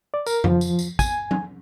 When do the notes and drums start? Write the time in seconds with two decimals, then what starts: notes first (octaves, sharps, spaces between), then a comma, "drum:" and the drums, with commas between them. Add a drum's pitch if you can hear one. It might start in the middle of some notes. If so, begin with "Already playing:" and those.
0.14 D5
0.27 A#4, drum: tambourine
0.44 F3, drum: tom F2
0.61 drum: tambourine
0.79 drum: tambourine
0.99 G#5, drum: kick, tambourine
1.31 drum: tom F#3